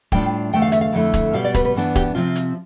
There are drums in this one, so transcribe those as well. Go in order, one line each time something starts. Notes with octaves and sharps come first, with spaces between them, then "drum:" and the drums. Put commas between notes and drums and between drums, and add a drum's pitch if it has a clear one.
A2 G3 D4 F4 G5, drum: kick
E2 D3 A3 G5
F5
E5, drum: hi-hat
F5
F2 D3 A3 E4
drum: kick, hi-hat
B2 G3 B3 F5
D5
B4, drum: kick, hi-hat
B4
G2 E3 B3 D4
G4, drum: kick, hi-hat
C3 F3 C4 F4
drum: hi-hat